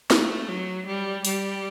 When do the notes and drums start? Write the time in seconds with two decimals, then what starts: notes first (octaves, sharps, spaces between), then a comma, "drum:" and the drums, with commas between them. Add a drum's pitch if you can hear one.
0.10 A3, drum: snare
0.48 F#3
0.86 G3
1.25 G3, drum: open hi-hat